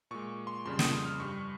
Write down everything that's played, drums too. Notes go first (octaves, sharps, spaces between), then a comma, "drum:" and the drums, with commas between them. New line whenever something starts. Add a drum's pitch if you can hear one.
A#2 G#3 C#6
C6
F2 C#3 G3 C6
D#6, drum: snare
D#6
F6
G2 G3 C#6